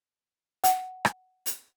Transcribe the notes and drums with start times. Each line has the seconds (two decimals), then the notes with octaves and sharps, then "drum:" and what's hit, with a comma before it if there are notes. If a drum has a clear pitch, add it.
0.64 F#5, drum: hi-hat
1.05 drum: rim click
1.46 drum: hi-hat